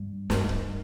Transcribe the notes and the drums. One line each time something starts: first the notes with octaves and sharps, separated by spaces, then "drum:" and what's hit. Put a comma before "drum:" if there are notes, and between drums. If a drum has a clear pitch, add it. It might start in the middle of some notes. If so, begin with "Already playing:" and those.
Already playing: G2
G2, drum: snare
drum: kick